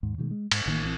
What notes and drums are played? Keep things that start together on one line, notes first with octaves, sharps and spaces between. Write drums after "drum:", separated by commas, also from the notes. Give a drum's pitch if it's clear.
D#2 G#2
B2 D#3 F3 G#3
G#3
G#2, drum: cymbal
A1 D#3 A#3
A#1 E3 C4